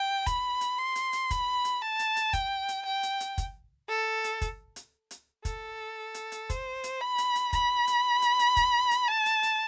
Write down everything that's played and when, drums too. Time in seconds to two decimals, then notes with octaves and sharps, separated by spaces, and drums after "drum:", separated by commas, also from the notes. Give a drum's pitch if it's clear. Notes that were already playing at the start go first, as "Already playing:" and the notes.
Already playing: G5
0.27 B5, drum: kick, hi-hat
0.61 drum: hi-hat
0.78 C6
0.96 drum: hi-hat
1.13 drum: hi-hat
1.31 B5, drum: kick, hi-hat
1.65 drum: hi-hat
1.82 A5
1.99 drum: hi-hat
2.17 drum: hi-hat
2.33 G5, drum: kick, hi-hat
2.68 drum: hi-hat
2.85 G5
3.03 drum: hi-hat
3.20 drum: hi-hat
3.38 drum: kick, hi-hat
3.89 A4
4.24 drum: hi-hat
4.41 drum: kick, hi-hat
4.76 drum: hi-hat
5.11 drum: hi-hat
5.45 A4, drum: kick, hi-hat
6.14 drum: hi-hat
6.32 drum: hi-hat
6.50 C5, drum: kick, hi-hat
6.84 drum: hi-hat
7.01 B5
7.18 drum: hi-hat
7.36 drum: hi-hat
7.53 B5, drum: kick, hi-hat
7.87 drum: hi-hat
8.22 drum: hi-hat
8.39 drum: hi-hat
8.57 drum: kick, hi-hat
8.91 drum: hi-hat
9.08 A5
9.26 drum: hi-hat
9.43 drum: hi-hat